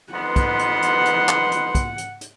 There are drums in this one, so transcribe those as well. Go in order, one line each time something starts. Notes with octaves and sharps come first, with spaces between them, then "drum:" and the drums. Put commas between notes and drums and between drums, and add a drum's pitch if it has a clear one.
F2 B3 D#4 B4 F#5 C6
drum: kick, hi-hat
drum: hi-hat
drum: hi-hat
drum: hi-hat
drum: clap
drum: hi-hat
drum: kick, hi-hat
drum: hi-hat
drum: hi-hat